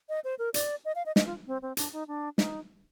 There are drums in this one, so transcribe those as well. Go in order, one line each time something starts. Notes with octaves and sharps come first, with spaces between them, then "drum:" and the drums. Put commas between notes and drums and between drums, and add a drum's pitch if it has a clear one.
D#5
C5
A#4
D5, drum: hi-hat
D#5
F5
D#5
D#5, drum: snare
F4
C4
C4
D4, drum: hi-hat
D#4
D4
D#4, drum: snare